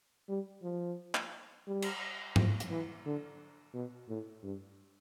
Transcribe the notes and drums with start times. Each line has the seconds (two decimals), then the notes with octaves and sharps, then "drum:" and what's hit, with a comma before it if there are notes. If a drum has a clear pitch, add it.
0.29 G3
0.63 F3
1.15 drum: clap
1.67 G3
1.82 drum: cymbal
2.36 F3, drum: tom G#2
2.60 drum: hi-hat
2.70 E3
3.05 D3
3.74 B2
4.08 A2
4.43 G2